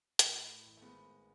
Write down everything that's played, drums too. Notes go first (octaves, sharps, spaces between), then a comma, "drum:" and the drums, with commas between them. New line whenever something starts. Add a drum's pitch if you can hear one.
A2 A3, drum: hi-hat
A2
A2
A1
A3
G#1 G#3 B3
G#1